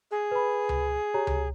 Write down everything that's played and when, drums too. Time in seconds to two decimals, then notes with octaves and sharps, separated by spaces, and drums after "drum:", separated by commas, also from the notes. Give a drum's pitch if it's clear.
0.11 G#4
0.31 B4 B5
0.69 drum: tom C#2
1.14 G4 C#5 A#5
1.27 drum: tom C#2